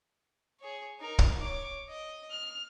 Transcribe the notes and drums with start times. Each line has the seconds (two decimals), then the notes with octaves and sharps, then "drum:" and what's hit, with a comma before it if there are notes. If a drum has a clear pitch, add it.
0.60 G#4 C#5
0.99 D#4 A#4
1.19 drum: kick
1.40 C#5 D6
1.89 D#5
2.30 F6